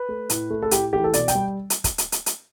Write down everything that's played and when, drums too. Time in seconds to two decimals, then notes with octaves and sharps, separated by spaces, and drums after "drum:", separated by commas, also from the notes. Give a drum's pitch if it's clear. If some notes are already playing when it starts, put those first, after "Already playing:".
Already playing: B4
0.09 A3
0.30 A2, drum: hi-hat
0.50 A3
0.62 A4
0.71 A2 G4, drum: hi-hat
0.92 E3 A3 G4
1.04 A4
1.13 B2 D5, drum: hi-hat
1.28 G5, drum: hi-hat
1.35 G3
1.70 drum: hi-hat
1.84 drum: kick, hi-hat
1.98 drum: hi-hat
2.12 drum: hi-hat
2.26 drum: hi-hat